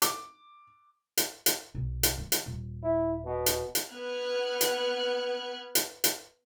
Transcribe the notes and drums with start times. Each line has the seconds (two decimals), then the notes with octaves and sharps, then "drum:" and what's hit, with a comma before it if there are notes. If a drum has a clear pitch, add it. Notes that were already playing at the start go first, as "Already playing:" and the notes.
0.02 D6, drum: hi-hat
1.17 drum: hi-hat
1.46 drum: hi-hat
1.75 B1
2.03 drum: hi-hat
2.17 D#3 F3
2.32 drum: hi-hat
2.46 D#1
2.83 E4
3.25 B2
3.46 drum: hi-hat
3.75 drum: hi-hat
3.91 B3 B4 F6 F#6 G#6
4.61 drum: hi-hat
5.75 drum: hi-hat
6.04 drum: hi-hat